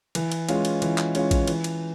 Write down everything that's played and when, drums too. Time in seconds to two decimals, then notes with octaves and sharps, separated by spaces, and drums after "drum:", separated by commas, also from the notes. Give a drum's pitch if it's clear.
0.15 E3, drum: cymbal
0.32 drum: cymbal
0.49 G#3 C#4 F4, drum: cymbal
0.65 drum: cymbal
0.82 E3, drum: cymbal
0.98 drum: clap
1.15 G#3 C#4 F4, drum: cymbal
1.31 drum: kick, cymbal
1.47 E3, drum: cymbal
1.64 drum: cymbal